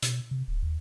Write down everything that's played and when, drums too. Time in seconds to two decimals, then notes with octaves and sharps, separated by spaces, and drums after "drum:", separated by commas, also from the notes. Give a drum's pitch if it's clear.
0.02 B2, drum: hi-hat
0.31 C3
0.48 D1
0.62 D#2